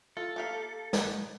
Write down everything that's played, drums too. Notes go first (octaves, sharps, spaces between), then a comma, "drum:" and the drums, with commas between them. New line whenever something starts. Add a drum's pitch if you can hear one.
F4 A4
A#3 G4 F5
drum: snare